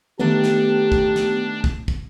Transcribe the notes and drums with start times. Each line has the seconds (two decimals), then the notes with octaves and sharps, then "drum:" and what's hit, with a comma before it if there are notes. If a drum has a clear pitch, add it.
0.19 D#3 A3 B3 D4 G4 A4
0.44 drum: snare
0.92 drum: kick
1.16 drum: snare
1.64 drum: kick
1.88 drum: kick